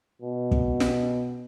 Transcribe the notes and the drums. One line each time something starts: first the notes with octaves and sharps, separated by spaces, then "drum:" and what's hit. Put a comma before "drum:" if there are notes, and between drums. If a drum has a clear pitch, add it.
B2
drum: kick
drum: snare